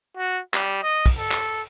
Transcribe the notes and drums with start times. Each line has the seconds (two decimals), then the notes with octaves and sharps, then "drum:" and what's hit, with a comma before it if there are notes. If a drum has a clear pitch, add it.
0.17 F#4
0.54 G3, drum: clap
0.83 D#5
1.06 drum: kick, open hi-hat
1.18 A4
1.31 drum: clap